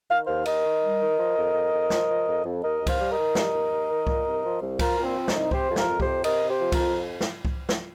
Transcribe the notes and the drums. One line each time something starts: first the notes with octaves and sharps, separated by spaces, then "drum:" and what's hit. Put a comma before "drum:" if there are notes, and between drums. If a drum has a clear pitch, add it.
D#3 F5
D#2 C5 F5
D#2 A#4 D#5, drum: cymbal
D#3
G3
D#3
F3
F2
F2
F2
F3, drum: snare
F3
F2
F2
D#2 A#4 D#5
D#2
C5 F5, drum: kick C2, cymbal
G3
A#4 D#5
D#3
G3, drum: snare
D#2
D#2
D#3
A#2, drum: kick C2
C2
F3
C2
F3 F4 A#4, drum: kick C2, cymbal
A#2
C4
F3
D#4, drum: snare
C2
C3 G4 C5, drum: kick C2
F2
F4 A#4, drum: snare
F2
G4 C5, drum: kick C2
C3
C3 A#4 D#5, drum: cymbal
C3
G4 C5
F3
F4 A#4, drum: kick C2, cymbal
F2
drum: snare
drum: kick C2
drum: snare